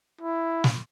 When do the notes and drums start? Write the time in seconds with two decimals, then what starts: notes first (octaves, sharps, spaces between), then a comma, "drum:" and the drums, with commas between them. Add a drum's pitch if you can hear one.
0.21 E4
0.64 drum: snare